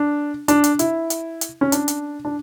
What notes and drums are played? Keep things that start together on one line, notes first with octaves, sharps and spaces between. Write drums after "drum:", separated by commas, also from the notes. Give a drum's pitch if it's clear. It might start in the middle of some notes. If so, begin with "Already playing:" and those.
Already playing: D4
D4, drum: hi-hat
drum: hi-hat
E4, drum: hi-hat
drum: hi-hat
drum: hi-hat
C#4
D4, drum: hi-hat
drum: hi-hat
D4